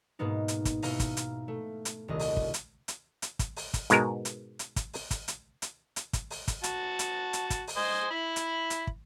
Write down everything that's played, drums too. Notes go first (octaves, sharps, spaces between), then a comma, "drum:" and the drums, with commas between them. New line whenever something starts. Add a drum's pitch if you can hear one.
G#2 B2 A#3 B3 D#4
drum: hi-hat
drum: kick, hi-hat
B2 E4 F5 A#5 C#7, drum: open hi-hat
drum: kick, hi-hat
drum: hi-hat
A3
drum: hi-hat
D#1 C2 D#5
drum: open hi-hat
drum: kick
drum: hi-hat
drum: hi-hat
drum: hi-hat
drum: kick, hi-hat
drum: open hi-hat
drum: kick, hi-hat
G#2 B2 G#3 A#4, drum: hi-hat
drum: hi-hat
drum: hi-hat
drum: kick, hi-hat
drum: open hi-hat
drum: kick, hi-hat
drum: hi-hat
drum: hi-hat
drum: hi-hat
drum: kick, hi-hat
drum: open hi-hat
drum: kick, hi-hat
F#4 A5, drum: hi-hat
drum: hi-hat
drum: hi-hat
drum: kick, hi-hat
drum: open hi-hat
C5 D#5 G#5
E4 B5
drum: hi-hat
drum: hi-hat
drum: kick